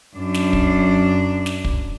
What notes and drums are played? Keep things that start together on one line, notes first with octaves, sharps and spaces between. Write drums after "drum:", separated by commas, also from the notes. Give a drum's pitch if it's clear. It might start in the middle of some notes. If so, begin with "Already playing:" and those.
F#2 D4
drum: snare
drum: kick
drum: snare
drum: kick